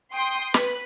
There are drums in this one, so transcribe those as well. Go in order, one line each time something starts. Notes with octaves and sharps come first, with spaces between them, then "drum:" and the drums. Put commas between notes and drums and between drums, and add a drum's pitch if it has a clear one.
G5 C6 D#6
B4, drum: snare